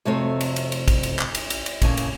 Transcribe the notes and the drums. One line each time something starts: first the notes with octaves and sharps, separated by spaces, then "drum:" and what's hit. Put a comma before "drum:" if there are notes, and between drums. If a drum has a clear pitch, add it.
F2 C3 A3 C4 F#4 C#5
drum: cymbal
drum: cymbal
drum: cymbal
drum: kick, cymbal
drum: cymbal
drum: clap
drum: cymbal
drum: cymbal
drum: cymbal
A#2 C#3 G#5, drum: kick, cymbal
drum: cymbal